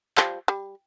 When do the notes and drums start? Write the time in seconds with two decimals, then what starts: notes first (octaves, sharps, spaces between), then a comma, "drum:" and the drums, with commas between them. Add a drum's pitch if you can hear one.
0.17 F3 G3, drum: clap
0.48 G3